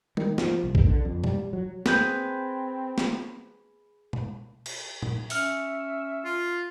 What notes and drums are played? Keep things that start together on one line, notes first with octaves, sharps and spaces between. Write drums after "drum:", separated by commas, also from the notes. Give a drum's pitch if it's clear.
D#3, drum: tom
F3, drum: snare
C2
drum: kick A#1
D3
F2
G3, drum: tom B2
F#3
C4 G#4 B4 G6, drum: snare
drum: snare
drum: tom B2
drum: cymbal
drum: tom
C#4 E5 F6 C#7, drum: open hi-hat
F4